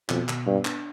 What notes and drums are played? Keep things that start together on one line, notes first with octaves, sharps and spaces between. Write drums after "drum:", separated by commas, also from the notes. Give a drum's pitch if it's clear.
F2 B2, drum: clap
B2, drum: clap
G2 B3
D4, drum: clap